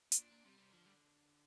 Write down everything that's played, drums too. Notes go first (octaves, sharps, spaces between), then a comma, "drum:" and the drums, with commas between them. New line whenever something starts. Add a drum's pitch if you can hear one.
D#4, drum: hi-hat
A#2 D4
A#2
C3 G3
C3
D3 F3
G3